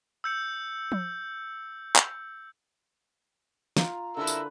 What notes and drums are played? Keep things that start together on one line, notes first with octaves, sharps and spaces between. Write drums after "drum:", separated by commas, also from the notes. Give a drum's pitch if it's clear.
E6 G6 C#7
drum: tom F3
drum: clap
F4 A#5, drum: snare
D3 E4 A#4 B4 E6
drum: tambourine